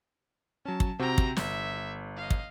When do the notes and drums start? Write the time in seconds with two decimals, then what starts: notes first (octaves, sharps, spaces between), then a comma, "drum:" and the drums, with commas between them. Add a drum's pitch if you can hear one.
0.65 F#3 C#4 A5
0.80 drum: kick
0.99 C3 C4 F#4 G5 A#5
1.18 drum: kick
1.36 G1 E5, drum: snare
2.17 D#5 F5
2.30 drum: kick